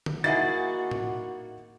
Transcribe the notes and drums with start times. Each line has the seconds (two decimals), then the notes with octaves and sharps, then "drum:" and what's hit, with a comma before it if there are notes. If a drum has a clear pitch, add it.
0.06 drum: tom
0.24 A#3 D#4 E4 F#4 G#4 F#5 A6
0.91 drum: tom A2